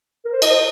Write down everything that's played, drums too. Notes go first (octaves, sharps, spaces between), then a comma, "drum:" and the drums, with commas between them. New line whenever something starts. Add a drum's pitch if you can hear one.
A#4
C5
D#5, drum: cymbal
C5